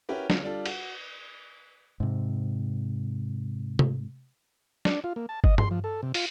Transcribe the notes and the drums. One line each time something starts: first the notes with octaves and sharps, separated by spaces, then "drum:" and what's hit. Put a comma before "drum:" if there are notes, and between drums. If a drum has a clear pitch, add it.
C#4 E4 F#4 G4 A#4 B4
D3 B3 C#4 F4, drum: snare
G3 D4 F4 A4
F#4, drum: cymbal
G#2 C3
drum: tom C3
D4, drum: snare
F4
A#3
A5
D#5, drum: kick G1
C6, drum: tom G2
F3
A4
C3
F4, drum: open hi-hat